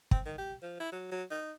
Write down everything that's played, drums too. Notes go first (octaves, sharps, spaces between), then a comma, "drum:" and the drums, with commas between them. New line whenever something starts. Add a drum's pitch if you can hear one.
C4, drum: kick
D#3
G4
F3
E4
F#3
F#3
D#4